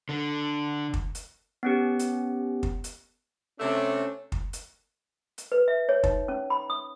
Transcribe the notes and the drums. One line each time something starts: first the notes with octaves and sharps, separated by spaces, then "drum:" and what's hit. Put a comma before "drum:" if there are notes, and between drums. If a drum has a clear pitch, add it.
D3
drum: kick
drum: hi-hat
B3 C#4 G4
drum: hi-hat
drum: kick
drum: hi-hat
C3 A3 C#4 D4
drum: kick
drum: hi-hat
drum: hi-hat
B4
E5
C#5
D#4, drum: kick
C#4
B5
D#6